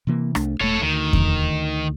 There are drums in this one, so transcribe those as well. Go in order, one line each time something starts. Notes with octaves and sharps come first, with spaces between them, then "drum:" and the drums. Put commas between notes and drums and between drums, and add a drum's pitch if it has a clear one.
C3 E3 A#3
C2 A3 D4, drum: rim click
E1 A3 A4 C#5
D2 D#3
drum: kick E2